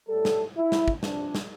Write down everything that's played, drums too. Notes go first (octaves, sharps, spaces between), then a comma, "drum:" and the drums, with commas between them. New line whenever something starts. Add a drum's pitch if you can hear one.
A2 G3 A4
drum: snare
E4
drum: snare
drum: kick
C2 C3 F3 D4, drum: snare
drum: snare